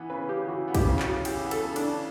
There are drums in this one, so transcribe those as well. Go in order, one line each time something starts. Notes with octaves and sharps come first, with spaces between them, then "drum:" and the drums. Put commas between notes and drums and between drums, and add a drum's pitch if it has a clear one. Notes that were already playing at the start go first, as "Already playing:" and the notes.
Already playing: E3 B3
C#3 B4
C#3 G4
E3 F#4
B3
G4, drum: kick, cymbal
C#3
F#4, drum: clap
C#3
E3 G4, drum: cymbal
B3
A4, drum: cymbal
C#3
D4, drum: cymbal
C#3